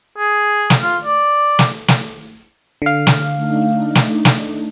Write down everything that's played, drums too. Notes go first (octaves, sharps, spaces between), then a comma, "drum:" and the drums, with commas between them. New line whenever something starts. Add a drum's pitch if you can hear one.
G#4
drum: snare
F4
D5
drum: snare
drum: snare
D3 F5
drum: snare
A3 D4 D#4
drum: snare
drum: snare